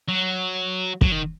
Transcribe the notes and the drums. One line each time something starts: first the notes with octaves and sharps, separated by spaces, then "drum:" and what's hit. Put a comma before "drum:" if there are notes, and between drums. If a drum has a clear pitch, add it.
F#3
F#3, drum: kick
D#3